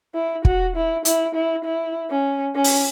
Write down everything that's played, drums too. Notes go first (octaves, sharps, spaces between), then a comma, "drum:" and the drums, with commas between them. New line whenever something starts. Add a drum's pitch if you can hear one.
E4
F#4, drum: kick
E4
E4, drum: hi-hat
E4
E4
C#4
C#4
drum: open hi-hat